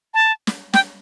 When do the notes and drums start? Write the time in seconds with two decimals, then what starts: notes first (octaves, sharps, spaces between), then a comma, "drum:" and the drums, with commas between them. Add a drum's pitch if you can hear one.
0.14 A5
0.47 drum: snare
0.73 G5, drum: snare